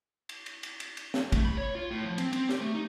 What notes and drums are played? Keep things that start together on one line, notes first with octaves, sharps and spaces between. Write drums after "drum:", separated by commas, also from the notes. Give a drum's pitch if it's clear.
drum: cymbal
drum: cymbal
drum: cymbal
drum: cymbal
drum: cymbal
drum: snare
A3, drum: kick, cymbal
B5
C#5
F4
A2
F3
C4, drum: cymbal
C4, drum: cymbal
G4, drum: snare
A3
D#4